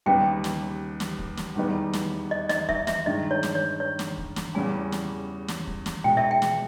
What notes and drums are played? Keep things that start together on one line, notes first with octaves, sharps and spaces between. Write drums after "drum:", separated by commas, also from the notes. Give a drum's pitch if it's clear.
D#2 C#3 G3 B3 D#4 G5
drum: snare
drum: snare
drum: kick
drum: snare
E2 D#3 G3 B3 D#4
drum: snare
D#5
D#5, drum: snare
E5, drum: kick
E5, drum: snare
G2 D#3 G#3 D#5
C#5
drum: snare
C#5
C#5
drum: snare
drum: kick
drum: snare
E2 C#3 G3 C#4 G#5
drum: snare
drum: snare
drum: kick
drum: snare
C#2 B2 G#3 G5
E5
G5
drum: snare